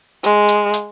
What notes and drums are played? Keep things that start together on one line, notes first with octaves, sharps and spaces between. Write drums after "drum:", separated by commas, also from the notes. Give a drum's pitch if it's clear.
G#3, drum: hi-hat
drum: hi-hat
drum: hi-hat